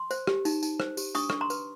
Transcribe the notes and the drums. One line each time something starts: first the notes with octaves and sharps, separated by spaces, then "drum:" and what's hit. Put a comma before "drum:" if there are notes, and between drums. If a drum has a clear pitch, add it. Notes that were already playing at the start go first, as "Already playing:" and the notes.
Already playing: C6
C5, drum: tambourine
G4, drum: rim click
D#4, drum: tambourine
D#4, drum: tambourine
C5, drum: rim click
G4, drum: tambourine
D4 C#6 D#6, drum: tambourine
D4 C#6, drum: rim click
A#5 C6
B4, drum: tambourine